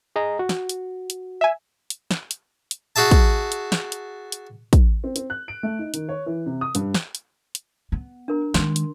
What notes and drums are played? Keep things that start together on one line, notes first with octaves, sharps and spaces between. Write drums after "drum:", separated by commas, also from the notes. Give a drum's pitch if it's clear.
G#4 D#5 A#5
F#4
drum: snare
drum: hi-hat
drum: hi-hat
E5 G#5
drum: hi-hat
drum: snare
drum: hi-hat
drum: hi-hat
F#4 G#4 E5 A5
drum: kick, hi-hat
drum: hi-hat
drum: snare
drum: hi-hat
drum: hi-hat
drum: kick, hi-hat
C4
C4, drum: hi-hat
F#6
D7
A3
D#4
D#3, drum: hi-hat
C#5
E3
C3
D#6
G2, drum: hi-hat
drum: snare
drum: hi-hat
drum: hi-hat
B3
D4 A#4 A#5
D#3 G#3 C6, drum: snare
drum: hi-hat